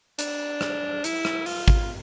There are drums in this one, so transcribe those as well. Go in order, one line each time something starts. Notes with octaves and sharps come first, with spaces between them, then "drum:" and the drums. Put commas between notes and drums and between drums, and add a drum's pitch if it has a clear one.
D4, drum: hi-hat
drum: rim click
E4, drum: hi-hat
drum: rim click
F4, drum: open hi-hat
drum: kick